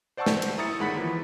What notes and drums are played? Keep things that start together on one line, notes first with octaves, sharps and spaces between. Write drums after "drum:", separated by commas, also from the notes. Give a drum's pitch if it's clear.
C5 D5 F#5 A5 C#6 E6
drum: snare
drum: cymbal
E4 A#5 D#6 A6 C#7
G1 D#3 G#3 F#5 B5 B6
E3 F3 A#3